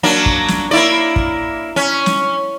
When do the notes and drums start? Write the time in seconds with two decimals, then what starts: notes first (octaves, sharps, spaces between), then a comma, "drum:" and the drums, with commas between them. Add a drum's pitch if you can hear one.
0.03 F#3 A#3 D4
0.26 drum: kick
0.48 drum: snare
0.71 A#3 E4 D5
1.16 drum: kick
1.76 C#4
2.06 drum: snare